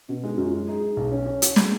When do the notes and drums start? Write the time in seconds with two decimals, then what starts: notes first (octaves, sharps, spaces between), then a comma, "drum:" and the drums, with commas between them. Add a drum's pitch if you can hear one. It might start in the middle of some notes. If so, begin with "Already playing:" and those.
0.09 B2 C#4
0.23 G#3 D#4
0.35 F#2 F#4
0.46 F4
0.52 G#3
0.68 D#4 G#4
0.83 D#4
0.97 B1
1.11 C#4
1.26 C#4
1.42 F#4, drum: hi-hat
1.56 G#3, drum: snare